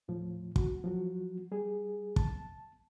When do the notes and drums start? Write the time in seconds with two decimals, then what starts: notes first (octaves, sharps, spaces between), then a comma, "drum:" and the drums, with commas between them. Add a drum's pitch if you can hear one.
0.08 D#2 A2 F3
0.56 F#4, drum: kick
0.84 F3 F#3 F#4
1.52 G3 G#4
2.16 A5, drum: kick